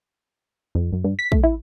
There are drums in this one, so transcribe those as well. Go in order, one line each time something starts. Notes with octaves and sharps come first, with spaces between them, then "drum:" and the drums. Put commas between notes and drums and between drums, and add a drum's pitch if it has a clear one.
F2
F#2
G2
B6
A3, drum: kick
E4